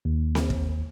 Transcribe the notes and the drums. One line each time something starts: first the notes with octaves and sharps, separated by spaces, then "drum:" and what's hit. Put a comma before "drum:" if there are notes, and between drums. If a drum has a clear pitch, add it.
D#2
drum: snare C4
drum: kick